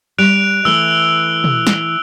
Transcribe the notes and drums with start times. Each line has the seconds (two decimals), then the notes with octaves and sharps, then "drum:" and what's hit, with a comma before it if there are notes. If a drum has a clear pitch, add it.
0.18 G3 F#6 D7 F7
0.65 E3 A3 E6 G7
1.44 drum: tom
1.67 drum: snare